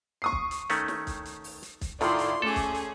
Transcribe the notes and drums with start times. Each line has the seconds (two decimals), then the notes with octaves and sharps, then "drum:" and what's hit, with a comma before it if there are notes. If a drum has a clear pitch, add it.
0.22 C#6 D#6 C7
0.32 drum: kick
0.51 drum: hi-hat
0.70 D#3 A3 C#4, drum: hi-hat
0.88 drum: snare
1.07 drum: kick, hi-hat
1.25 drum: hi-hat
1.44 drum: open hi-hat
1.63 drum: hi-hat
1.81 drum: kick, hi-hat
2.01 A2 D#3 E4 F4 A4 D5 A#5 C6, drum: hi-hat
2.19 drum: hi-hat
2.42 A3 C#4 G#4 A4 D6
2.56 drum: kick, hi-hat
2.75 drum: hi-hat